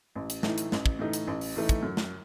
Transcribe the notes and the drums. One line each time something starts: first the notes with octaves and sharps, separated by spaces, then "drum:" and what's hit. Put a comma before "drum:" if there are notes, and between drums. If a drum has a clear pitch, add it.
A1
drum: hi-hat
A2 E3 A3 D#4, drum: snare
drum: hi-hat
A1, drum: snare
drum: kick
A2 E3 A3 D#4
drum: hi-hat
A1
drum: open hi-hat
A2 E3 A3 D#4
drum: kick, hi-hat
F#2
drum: snare